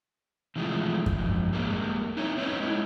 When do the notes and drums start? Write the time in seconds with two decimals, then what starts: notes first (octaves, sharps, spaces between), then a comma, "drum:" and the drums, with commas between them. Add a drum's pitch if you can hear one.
0.56 C3 E3 F3 G#3 A3
1.06 drum: kick F#2
1.18 F2 G#2
1.53 G3 G#3 A#3
2.17 C4 D#4 E4 C#5
2.37 C4 C#4 D#4 B4 C#5
2.60 G#3 D#4 E4